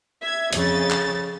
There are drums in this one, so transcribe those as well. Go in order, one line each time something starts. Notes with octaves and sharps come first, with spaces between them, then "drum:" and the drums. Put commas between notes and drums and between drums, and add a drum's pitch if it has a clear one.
E5 G#6
F2 C#3 A6, drum: hi-hat
drum: clap